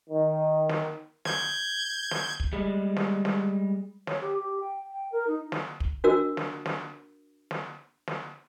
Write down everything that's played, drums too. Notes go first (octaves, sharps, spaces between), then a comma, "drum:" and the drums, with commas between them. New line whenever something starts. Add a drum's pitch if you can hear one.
D#3
drum: snare
G6 G#6, drum: snare
drum: snare
drum: kick
G3 G#3
drum: snare
drum: snare
C#5, drum: snare
G4
G4
G5
G5
A#4
D#4
drum: snare
drum: kick
D4 F#4 A#4 E6
drum: snare
drum: snare
drum: snare
drum: snare